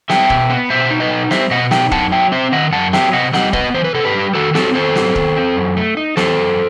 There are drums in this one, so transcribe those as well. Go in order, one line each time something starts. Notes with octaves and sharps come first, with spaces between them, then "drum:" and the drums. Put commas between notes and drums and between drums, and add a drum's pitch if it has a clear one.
G3 E5 G5, drum: snare
B2, drum: kick
B3
B2 C5 E5
D#4
B4 D#5
B2
G3 C5 E5, drum: snare
B2 D#5 F#5
D#4 E5 G5, drum: snare
F#2 F#5 A5, drum: kick
F#3 E5 G5
C4 C5 E5
D#3 D#5 F#5
F#2 F#5 A5
F#3 E5 G5, drum: snare
C3 D#5 F#5
G3 D#5 F#5, drum: snare
B3 B4 D#5, drum: kick
E3 C5
B4
C3 A4
G4 B4
G3
D#3 F#4 A4
C4 F#4 A4, drum: snare
D#3 A4 C5
F#3, drum: snare
D#3, drum: kick
C4
F#2
A3
D#4
E3 A4 C5, drum: snare
F#2